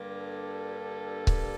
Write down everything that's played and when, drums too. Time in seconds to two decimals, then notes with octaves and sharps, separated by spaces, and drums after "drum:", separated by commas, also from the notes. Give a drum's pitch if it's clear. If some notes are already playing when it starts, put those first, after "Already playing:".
Already playing: G2 D3 G3 A#3
0.21 A4
1.27 drum: kick C#1